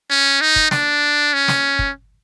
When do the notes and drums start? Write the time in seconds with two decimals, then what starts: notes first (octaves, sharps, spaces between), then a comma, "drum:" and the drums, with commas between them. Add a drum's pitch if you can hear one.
0.10 C#4
0.41 D#4
0.56 drum: kick
0.71 D4, drum: snare
1.33 C#4
1.48 drum: snare
1.79 drum: kick